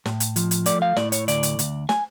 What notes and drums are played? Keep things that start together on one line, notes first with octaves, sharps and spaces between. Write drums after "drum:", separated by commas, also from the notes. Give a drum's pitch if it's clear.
A2, drum: snare
drum: hi-hat
F3, drum: hi-hat
drum: hi-hat
A3 D5, drum: hi-hat
F5
A2 D5, drum: snare
C#5, drum: hi-hat
D2 D5, drum: hi-hat
drum: hi-hat
D2, drum: hi-hat
G#5, drum: snare